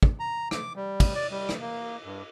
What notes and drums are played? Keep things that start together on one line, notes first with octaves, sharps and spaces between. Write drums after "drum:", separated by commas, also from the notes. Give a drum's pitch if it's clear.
drum: kick
A#5
D6, drum: rim click
G3
drum: kick, cymbal
D5
G3
drum: rim click
A#3
G2